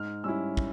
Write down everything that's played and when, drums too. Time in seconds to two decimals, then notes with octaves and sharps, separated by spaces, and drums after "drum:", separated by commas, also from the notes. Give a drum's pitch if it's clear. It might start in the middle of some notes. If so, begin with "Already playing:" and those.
Already playing: G#2 F6
0.24 G3 C#4 E4 E6
0.57 drum: kick